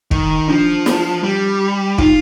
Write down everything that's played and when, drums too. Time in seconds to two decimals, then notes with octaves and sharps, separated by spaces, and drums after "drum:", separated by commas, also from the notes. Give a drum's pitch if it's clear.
0.11 D#3, drum: kick
0.48 F3 D4
0.86 drum: snare
1.23 G3
1.98 D#4 F4, drum: kick